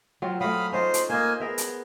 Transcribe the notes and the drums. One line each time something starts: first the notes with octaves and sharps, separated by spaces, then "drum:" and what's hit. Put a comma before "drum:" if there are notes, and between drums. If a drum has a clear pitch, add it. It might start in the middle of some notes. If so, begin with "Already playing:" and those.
F#3 C4 F4
F#3 A3 F5 B5 D#6
C#4 D#4 F4 C5
drum: hi-hat
A#3 C5 D#5 G#5
B3 G#4 A#4 E5
drum: hi-hat